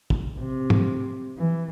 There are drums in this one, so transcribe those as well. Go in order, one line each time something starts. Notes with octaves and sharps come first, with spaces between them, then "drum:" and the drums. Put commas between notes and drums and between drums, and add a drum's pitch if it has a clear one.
drum: kick
C3
drum: tom
E3